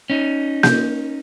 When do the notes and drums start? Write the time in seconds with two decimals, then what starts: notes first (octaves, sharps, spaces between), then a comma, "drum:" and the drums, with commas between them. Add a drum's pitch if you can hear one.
0.10 C#4 D#4
0.63 G6, drum: snare A#3